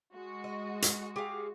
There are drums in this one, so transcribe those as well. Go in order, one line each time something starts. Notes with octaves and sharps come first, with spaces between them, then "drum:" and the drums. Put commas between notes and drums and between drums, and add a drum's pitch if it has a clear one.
G#3 F#4
D#5
drum: hi-hat
G4 G#4 F5